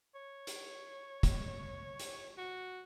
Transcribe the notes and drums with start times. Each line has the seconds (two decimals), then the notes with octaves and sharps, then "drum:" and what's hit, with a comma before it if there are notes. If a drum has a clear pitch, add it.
0.15 C#5
0.47 drum: hi-hat
1.23 drum: kick, hi-hat
1.99 drum: hi-hat
2.38 F#4